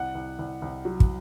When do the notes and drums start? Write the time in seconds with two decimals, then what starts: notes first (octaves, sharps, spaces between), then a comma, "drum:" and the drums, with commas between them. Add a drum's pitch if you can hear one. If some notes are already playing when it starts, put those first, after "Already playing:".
Already playing: C2 F#5
0.15 C2
0.39 C2
0.62 C2
0.85 F#3
1.00 drum: kick